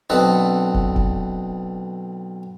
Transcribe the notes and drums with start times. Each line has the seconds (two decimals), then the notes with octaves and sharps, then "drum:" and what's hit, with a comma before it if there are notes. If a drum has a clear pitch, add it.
0.10 B1 D3 C4 A4 B4 D#5
0.74 drum: kick
0.96 drum: kick